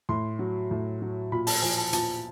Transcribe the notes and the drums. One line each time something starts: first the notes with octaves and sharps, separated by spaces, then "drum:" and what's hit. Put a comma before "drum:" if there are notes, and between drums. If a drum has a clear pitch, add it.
A2 C6
F#3
A2
F#3
A#2 B5
A5, drum: open hi-hat
F3 G#5
A5
A#2 A5, drum: hi-hat